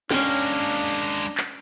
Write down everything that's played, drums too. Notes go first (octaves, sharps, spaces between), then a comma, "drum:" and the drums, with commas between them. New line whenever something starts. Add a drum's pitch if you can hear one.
G#3 A#3 C#4 D4 G5, drum: snare
drum: clap